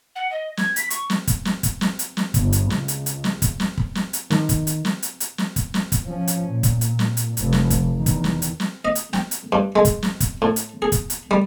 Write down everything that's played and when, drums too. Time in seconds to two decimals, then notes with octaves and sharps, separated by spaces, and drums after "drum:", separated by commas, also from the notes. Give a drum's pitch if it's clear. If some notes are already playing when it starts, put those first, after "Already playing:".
0.16 F#5
0.31 D#5
0.57 G#6, drum: snare
0.76 B6, drum: hi-hat
0.90 C#6, drum: hi-hat
1.10 drum: snare
1.27 drum: kick, hi-hat
1.45 drum: snare
1.63 drum: kick, hi-hat
1.81 drum: snare
1.99 drum: hi-hat
2.17 drum: snare
2.34 G1, drum: kick, hi-hat
2.52 drum: hi-hat
2.70 C#2, drum: snare
2.88 drum: hi-hat
3.06 drum: hi-hat
3.24 drum: snare
3.42 drum: kick, hi-hat
3.60 drum: snare
3.77 drum: kick
3.95 drum: snare
4.13 drum: hi-hat
4.30 D#3, drum: snare
4.49 drum: kick, hi-hat
4.67 drum: hi-hat
4.85 drum: snare
5.02 drum: hi-hat
5.20 drum: hi-hat
5.38 drum: snare
5.56 drum: kick, hi-hat
5.74 drum: snare
5.92 drum: kick, hi-hat
6.05 F3 C#4
6.28 drum: hi-hat
6.50 A#2
6.63 drum: kick, hi-hat
6.81 drum: hi-hat
6.99 drum: snare
7.17 drum: hi-hat
7.37 F1, drum: hi-hat
7.53 drum: snare
7.70 drum: kick, hi-hat
7.94 E2 D#3
8.06 drum: kick, hi-hat
8.24 drum: snare
8.42 drum: hi-hat
8.60 drum: snare
8.85 D#5
8.95 drum: hi-hat
9.13 G5, drum: snare
9.31 drum: hi-hat
9.52 G2
9.76 G#3
9.85 drum: kick, hi-hat
10.03 drum: snare
10.20 drum: kick, hi-hat
10.42 A2
10.56 drum: hi-hat
10.82 G#4
10.92 drum: kick, hi-hat
11.10 drum: hi-hat
11.31 G3